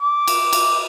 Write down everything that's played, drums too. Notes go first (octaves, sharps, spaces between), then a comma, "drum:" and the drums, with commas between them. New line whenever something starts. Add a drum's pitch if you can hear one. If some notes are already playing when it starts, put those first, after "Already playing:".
D6
drum: cymbal
drum: cymbal